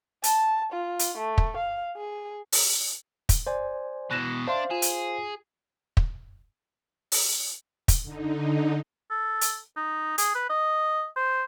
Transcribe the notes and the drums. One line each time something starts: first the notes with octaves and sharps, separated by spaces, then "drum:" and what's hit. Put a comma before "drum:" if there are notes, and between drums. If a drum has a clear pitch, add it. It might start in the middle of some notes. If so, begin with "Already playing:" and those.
A5, drum: hi-hat
F4
drum: hi-hat
A3
drum: kick
F5
G#4
drum: open hi-hat
drum: kick, hi-hat
C5 D5 G#5
B2 E3 F#6 A#6 E7
D4 C5 E5 F5 C6
F4 G#4 E7
drum: hi-hat
drum: kick
drum: open hi-hat
drum: kick, hi-hat
D3 D#4
A4
drum: hi-hat
D#4
G#4, drum: hi-hat
B4
D#5
C5